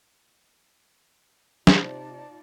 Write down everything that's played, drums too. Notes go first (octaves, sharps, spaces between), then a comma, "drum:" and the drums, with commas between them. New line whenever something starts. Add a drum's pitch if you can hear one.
C3 D#4 F4 C5 D5 A5, drum: snare